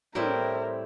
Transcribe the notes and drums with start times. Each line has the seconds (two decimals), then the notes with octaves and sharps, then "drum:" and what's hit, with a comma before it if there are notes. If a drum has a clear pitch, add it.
0.15 A2 G3 C4 E4 A#4, drum: tom